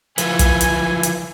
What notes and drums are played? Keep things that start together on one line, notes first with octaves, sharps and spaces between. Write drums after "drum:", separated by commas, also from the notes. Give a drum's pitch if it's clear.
F3 E4 B4 G#5, drum: hi-hat
drum: kick, hi-hat
drum: hi-hat
drum: hi-hat